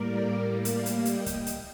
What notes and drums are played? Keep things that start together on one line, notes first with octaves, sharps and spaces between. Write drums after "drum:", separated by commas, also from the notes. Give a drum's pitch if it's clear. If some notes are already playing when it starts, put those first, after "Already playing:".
Already playing: A2 G3 A#3 A#4 D5
D5 F5, drum: hi-hat
drum: hi-hat
D#5 G5, drum: hi-hat
drum: kick, hi-hat
drum: hi-hat